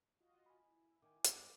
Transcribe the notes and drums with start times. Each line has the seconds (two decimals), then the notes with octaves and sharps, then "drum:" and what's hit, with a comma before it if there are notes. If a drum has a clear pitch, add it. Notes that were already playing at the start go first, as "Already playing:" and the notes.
0.20 F4 F#4 D#5
0.46 G#5 B5
0.68 E4
1.02 D#3 G#5 D6
1.24 G2 B3 D6 D7, drum: hi-hat